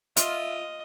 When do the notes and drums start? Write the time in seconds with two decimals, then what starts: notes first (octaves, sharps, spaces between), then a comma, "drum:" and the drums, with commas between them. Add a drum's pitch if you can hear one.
0.17 F4 D#5 E5, drum: hi-hat